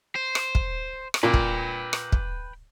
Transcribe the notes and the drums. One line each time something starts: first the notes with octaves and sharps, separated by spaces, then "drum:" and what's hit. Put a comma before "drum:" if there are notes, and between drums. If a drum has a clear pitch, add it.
C5
drum: rim click
drum: kick
drum: rim click
A#2 B4 G5
drum: kick
drum: rim click
drum: kick